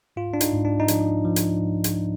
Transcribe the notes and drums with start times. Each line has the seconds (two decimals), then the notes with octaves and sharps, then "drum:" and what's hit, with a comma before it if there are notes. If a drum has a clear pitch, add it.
0.16 G#2 F4
0.34 D4
0.41 D#4, drum: hi-hat
0.53 G#2
0.65 D4
0.80 D#4
0.88 F3 D4, drum: hi-hat
1.25 F3
1.36 drum: hi-hat
1.60 G#2
1.84 drum: hi-hat